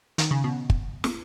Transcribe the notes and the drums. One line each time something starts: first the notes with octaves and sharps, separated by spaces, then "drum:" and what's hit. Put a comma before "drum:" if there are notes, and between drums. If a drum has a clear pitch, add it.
D#3, drum: hi-hat
C#3
B2
drum: kick
drum: snare